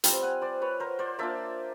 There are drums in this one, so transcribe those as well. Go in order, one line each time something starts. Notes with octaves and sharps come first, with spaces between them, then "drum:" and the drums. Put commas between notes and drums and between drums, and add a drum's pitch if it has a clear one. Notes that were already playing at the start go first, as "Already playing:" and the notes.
G3 C4 F4 F5 G5, drum: hi-hat
F#5 G#5
C5 D5
B4 C#5
A#4 C5
C5 D5
A#3 D4 F4 D5 E5